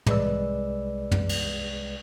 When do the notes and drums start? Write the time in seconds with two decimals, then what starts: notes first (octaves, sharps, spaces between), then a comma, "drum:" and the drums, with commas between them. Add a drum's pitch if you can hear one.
0.06 C2 G#3 B4 D5 E6, drum: tom
1.12 drum: tom
1.29 drum: cymbal